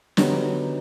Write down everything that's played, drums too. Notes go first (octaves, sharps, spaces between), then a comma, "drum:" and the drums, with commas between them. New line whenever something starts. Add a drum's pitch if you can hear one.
D3 F#3 B3 D#4 G4, drum: snare